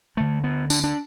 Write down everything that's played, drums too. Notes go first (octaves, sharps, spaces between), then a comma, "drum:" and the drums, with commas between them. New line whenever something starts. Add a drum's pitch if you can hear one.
D2 D3 A3
B3
D4, drum: tambourine
D4